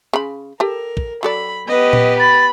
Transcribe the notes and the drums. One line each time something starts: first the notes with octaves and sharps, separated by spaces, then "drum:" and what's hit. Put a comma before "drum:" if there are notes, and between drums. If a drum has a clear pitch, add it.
C#3 B5
G4 A4 A#4
drum: kick
F#3 A4 D5 B5
B3 G4 B4 D#5
drum: tom A#2
B5 A6